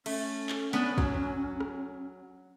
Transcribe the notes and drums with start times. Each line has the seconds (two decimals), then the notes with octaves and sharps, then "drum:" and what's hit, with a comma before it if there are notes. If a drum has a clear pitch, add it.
0.06 A3 C#4, drum: cymbal
0.49 drum: clap
0.73 B3 D4 B4, drum: snare
0.98 F#3, drum: kick
1.60 drum: rim click